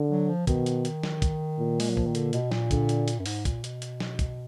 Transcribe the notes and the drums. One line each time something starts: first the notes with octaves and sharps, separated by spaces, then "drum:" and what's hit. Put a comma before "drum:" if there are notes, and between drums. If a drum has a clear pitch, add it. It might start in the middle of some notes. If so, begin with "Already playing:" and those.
Already playing: D3
F#3
F3
B2 D#3, drum: kick, hi-hat
drum: hi-hat
drum: hi-hat
drum: snare
drum: kick, hi-hat
A#2
G#3, drum: open hi-hat
F#3
F3, drum: kick
D#3
D3, drum: hi-hat
B2, drum: hi-hat
A#2, drum: snare
D3, drum: kick, hi-hat
drum: hi-hat
drum: hi-hat
F#2
G#2, drum: open hi-hat
A#2, drum: kick, hi-hat
B2, drum: hi-hat
drum: hi-hat
drum: snare
drum: kick, hi-hat